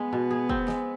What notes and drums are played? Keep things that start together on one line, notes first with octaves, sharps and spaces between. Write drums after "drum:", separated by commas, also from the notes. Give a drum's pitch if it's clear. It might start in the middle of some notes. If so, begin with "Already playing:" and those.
Already playing: G#3 B3
B2
G#4
C4, drum: kick
G#3, drum: snare